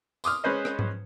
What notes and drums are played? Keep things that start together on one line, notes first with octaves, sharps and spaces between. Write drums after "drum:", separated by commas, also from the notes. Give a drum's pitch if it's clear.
C6 D6 D#6 F6, drum: tambourine
G#3 C#4 B4 C5 D#5
drum: rim click
drum: tom G#2